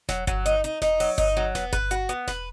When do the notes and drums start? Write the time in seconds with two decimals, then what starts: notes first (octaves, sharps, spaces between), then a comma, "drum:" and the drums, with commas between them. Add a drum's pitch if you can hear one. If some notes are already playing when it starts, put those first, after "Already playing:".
0.09 F#3, drum: snare E1
0.27 F#3, drum: kick G1, hi-hat
0.46 D#4, drum: hi-hat
0.64 D#4, drum: hi-hat
0.82 D#4, drum: snare E1
1.00 F#3, drum: open hi-hat
1.18 D#4, drum: kick G1, hi-hat
1.37 F#3
1.55 B3, drum: snare E1
1.73 B4, drum: kick G1, hi-hat
1.91 F#4, drum: hi-hat
2.09 B3, drum: hi-hat
2.28 B4, drum: snare E1